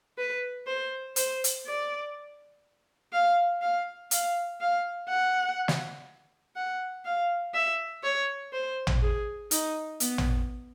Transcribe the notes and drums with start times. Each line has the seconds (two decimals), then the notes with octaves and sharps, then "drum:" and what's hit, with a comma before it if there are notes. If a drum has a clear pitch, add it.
0.18 B4
0.67 C5
1.16 C5, drum: hi-hat
1.44 drum: hi-hat
1.66 D5
3.13 F5
3.62 F5
4.11 F5, drum: hi-hat
4.61 F5
5.09 F#5
5.68 drum: snare
6.56 F#5
7.05 F5
7.54 E5
8.03 C#5
8.53 C5
8.87 drum: tom A1
9.02 G#4
9.51 D#4, drum: hi-hat
10.00 B3, drum: hi-hat
10.18 drum: tom A1